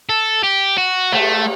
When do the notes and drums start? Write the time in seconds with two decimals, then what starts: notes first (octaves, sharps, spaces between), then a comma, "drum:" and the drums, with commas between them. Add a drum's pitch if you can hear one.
0.10 A4
0.43 G4
0.78 F#4
1.12 A3, drum: cymbal